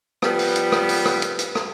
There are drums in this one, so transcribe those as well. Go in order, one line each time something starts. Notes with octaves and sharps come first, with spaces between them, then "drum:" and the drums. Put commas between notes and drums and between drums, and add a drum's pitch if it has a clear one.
F3 G3 B3, drum: rim click
drum: open hi-hat
drum: hi-hat
drum: rim click
drum: open hi-hat
drum: rim click
drum: hi-hat
drum: hi-hat
drum: rim click